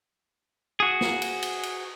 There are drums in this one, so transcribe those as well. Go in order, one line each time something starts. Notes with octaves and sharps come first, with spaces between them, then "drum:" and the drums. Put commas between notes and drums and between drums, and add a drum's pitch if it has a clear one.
F#4 G#4
drum: snare
drum: cymbal
drum: cymbal
drum: cymbal